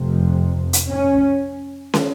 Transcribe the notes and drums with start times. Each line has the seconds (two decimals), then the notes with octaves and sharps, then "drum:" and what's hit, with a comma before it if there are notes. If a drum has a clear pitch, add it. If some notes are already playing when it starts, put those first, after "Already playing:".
Already playing: F1 F2 C3
0.73 drum: hi-hat
0.89 C#4
1.94 drum: snare